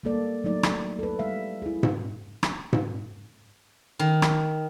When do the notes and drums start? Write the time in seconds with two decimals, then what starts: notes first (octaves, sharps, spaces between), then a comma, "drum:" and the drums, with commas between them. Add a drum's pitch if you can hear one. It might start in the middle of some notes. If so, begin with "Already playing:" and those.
0.03 G3 G#3 A#3 A4 D5
0.44 F#3 A3 D#4 D5
0.63 drum: rim click
0.99 A4 B4
1.19 G3 G#3 E5 F5
1.62 E4 G#4
1.83 drum: tom G#2
2.43 drum: rim click
2.73 drum: tom G#2
3.99 D#3
4.22 drum: rim click